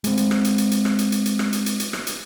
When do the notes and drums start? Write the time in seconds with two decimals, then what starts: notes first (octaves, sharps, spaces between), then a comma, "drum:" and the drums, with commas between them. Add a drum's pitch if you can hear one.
0.04 G#3 C4, drum: hi-hat
0.17 drum: hi-hat
0.31 drum: rim click
0.44 drum: hi-hat
0.58 drum: hi-hat
0.71 drum: hi-hat
0.85 drum: rim click
0.99 drum: hi-hat
1.12 drum: hi-hat
1.26 drum: hi-hat
1.39 drum: rim click
1.53 drum: hi-hat
1.66 drum: hi-hat
1.80 drum: hi-hat
1.93 drum: rim click
2.07 drum: hi-hat